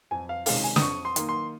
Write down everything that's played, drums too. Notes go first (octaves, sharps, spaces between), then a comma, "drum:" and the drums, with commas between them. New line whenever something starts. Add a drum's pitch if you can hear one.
F2 G#5
F5
C3 D#3 G#3 C#4 F5, drum: open hi-hat
G#5
D#6, drum: snare
F2 C#6
C6
D#3 A#3, drum: hi-hat
C6